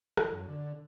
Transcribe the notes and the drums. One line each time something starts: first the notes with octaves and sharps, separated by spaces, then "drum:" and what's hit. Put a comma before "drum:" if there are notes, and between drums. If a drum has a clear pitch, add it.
E3, drum: rim click
F#2
D3